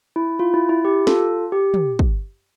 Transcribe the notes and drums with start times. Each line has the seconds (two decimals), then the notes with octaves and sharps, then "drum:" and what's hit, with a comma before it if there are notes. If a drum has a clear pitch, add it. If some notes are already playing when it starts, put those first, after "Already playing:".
0.16 E4
0.39 F4
0.54 E4
0.69 E4
0.85 G4
1.07 F4 A4, drum: snare
1.52 G4
1.74 drum: tom
1.99 drum: kick